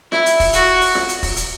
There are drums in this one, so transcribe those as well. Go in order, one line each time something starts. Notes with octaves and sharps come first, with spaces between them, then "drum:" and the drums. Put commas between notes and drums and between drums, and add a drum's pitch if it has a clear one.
E4, drum: snare F4
drum: hi-hat
drum: kick E1, open hi-hat
F#4, drum: hi-hat
drum: open hi-hat
drum: snare F4
drum: hi-hat
drum: kick E1, open hi-hat
drum: hi-hat